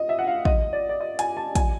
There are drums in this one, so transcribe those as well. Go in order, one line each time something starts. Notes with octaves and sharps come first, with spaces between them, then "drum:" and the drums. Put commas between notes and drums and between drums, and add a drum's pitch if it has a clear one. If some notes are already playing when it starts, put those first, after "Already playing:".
Already playing: D#5
E5
F#5
F5
D#5, drum: kick
D5
D5
D#5
G#5, drum: hi-hat
A5
G#5, drum: kick, hi-hat